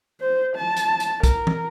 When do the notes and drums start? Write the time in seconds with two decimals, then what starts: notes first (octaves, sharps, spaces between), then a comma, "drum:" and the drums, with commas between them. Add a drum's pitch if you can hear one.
0.21 C5
0.56 A5
0.77 drum: hi-hat
1.00 drum: hi-hat
1.23 A#4, drum: kick, hi-hat
1.47 drum: tom E3